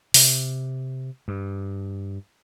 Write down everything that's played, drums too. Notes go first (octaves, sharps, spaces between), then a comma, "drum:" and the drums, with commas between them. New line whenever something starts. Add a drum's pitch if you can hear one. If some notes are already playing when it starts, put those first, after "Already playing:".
C3, drum: open hi-hat
G2